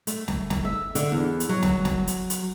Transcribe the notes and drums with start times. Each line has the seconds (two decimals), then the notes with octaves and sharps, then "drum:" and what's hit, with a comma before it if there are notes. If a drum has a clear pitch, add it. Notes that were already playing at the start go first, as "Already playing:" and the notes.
0.07 A3, drum: hi-hat
0.28 drum: snare
0.50 drum: snare
0.65 E5
0.95 D3, drum: hi-hat
1.12 E2
1.40 drum: hi-hat
1.49 F#3
1.63 drum: snare
1.85 drum: snare
2.07 drum: hi-hat
2.30 drum: hi-hat